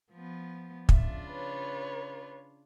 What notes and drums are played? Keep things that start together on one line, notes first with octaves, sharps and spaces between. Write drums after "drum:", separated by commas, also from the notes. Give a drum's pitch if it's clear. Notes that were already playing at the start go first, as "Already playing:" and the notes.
F3 B3
C#3 D4 F4 E5, drum: kick
B4 C#5